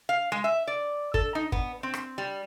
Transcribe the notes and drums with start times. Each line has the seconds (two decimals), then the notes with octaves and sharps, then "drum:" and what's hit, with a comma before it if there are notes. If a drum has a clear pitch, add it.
0.09 F5
0.32 G#3
0.44 E5
0.67 D5
1.14 A4, drum: kick
1.35 D#4
1.52 B3, drum: kick
1.83 C4
1.94 drum: rim click
2.18 G3